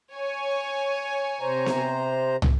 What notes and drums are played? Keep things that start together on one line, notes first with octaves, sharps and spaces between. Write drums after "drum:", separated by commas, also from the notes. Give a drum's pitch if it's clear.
C#5 G#5
C3 C5 A#5
drum: snare B3
drum: tom